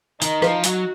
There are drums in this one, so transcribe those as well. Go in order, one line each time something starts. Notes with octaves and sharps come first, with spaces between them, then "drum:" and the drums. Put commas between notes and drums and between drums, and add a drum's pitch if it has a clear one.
D#3 D#4, drum: hi-hat
F3, drum: rim click
F#3 F#4, drum: hi-hat